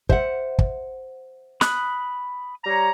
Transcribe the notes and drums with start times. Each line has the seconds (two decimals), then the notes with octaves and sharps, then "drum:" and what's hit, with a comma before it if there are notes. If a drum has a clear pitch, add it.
0.09 C5 E5 F#5, drum: kick
0.59 drum: kick
1.61 B5 D#6 F#6, drum: snare
2.64 G3 C#5 A#5